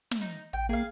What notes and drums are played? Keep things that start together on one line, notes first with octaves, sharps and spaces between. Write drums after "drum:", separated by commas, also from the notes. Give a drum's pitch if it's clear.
drum: snare
D#4
A1 G5
A#3 G#4 F5